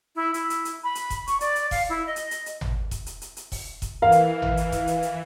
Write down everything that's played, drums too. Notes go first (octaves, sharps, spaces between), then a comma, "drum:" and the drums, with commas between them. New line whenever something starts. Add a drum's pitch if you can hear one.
E4
E4, drum: hi-hat
drum: hi-hat
drum: hi-hat
B5
drum: hi-hat
drum: kick E1, hi-hat
C#6, drum: hi-hat
D5, drum: hi-hat
drum: hi-hat
F5, drum: kick E1, open hi-hat
E4
D#5
drum: hi-hat
drum: hi-hat
drum: hi-hat
drum: tom G#1
drum: kick E1, hi-hat
drum: hi-hat
drum: hi-hat
drum: hi-hat
drum: kick E1, open hi-hat
drum: kick E1, hi-hat
E3 A#4 F5
drum: hi-hat
drum: tom G#1
drum: hi-hat
drum: kick E1, hi-hat
drum: hi-hat
drum: hi-hat